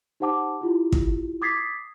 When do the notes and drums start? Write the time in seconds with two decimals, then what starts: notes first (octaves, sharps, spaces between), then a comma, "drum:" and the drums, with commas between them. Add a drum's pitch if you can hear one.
0.20 D#4 G4 C5 F#5 A5 D6
0.61 E4 F4 G4
0.92 drum: kick
1.42 D6 D#6 G#6 A6 B6 C7